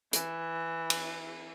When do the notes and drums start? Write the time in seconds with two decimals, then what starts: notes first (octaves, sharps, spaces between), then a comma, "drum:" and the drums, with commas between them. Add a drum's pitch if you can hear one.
0.13 E3, drum: hi-hat
0.90 drum: cymbal